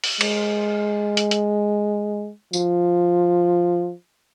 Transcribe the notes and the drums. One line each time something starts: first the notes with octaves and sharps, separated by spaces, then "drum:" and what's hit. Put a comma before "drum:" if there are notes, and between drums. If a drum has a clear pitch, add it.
drum: open hi-hat
G#3, drum: cymbal
drum: hi-hat
drum: hi-hat
F3, drum: tambourine